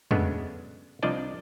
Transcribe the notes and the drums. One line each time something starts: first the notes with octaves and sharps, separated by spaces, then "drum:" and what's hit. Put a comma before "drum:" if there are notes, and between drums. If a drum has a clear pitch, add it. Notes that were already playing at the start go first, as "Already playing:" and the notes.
C#3 F#3 G#3 A3 B3 D4, drum: tom
C2 F3 D4 D5 D#5 A5